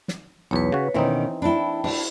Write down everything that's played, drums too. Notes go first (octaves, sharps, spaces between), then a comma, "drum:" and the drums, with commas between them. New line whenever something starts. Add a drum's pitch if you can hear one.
drum: snare
B1 E2 B4 C#5
C#3 F#4
B2 D#3 E3 C4 C#4 D#4
D4 E4 G5 A5 B5
D4, drum: cymbal